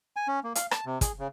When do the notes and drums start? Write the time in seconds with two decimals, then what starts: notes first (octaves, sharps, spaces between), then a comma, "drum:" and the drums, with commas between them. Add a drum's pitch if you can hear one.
0.16 G#5
0.28 C#4
0.43 A#3
0.55 F5, drum: hi-hat
0.71 A5, drum: rim click
0.86 C3
1.01 G#4, drum: kick, hi-hat
1.19 C#3